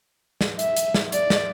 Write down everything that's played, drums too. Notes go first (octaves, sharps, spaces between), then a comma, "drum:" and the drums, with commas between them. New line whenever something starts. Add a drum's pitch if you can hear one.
drum: snare
E5, drum: hi-hat
drum: hi-hat
drum: snare
D5, drum: hi-hat
drum: snare